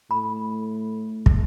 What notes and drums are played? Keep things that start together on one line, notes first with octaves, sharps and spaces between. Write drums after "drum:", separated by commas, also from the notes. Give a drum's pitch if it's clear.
A2 B5
drum: kick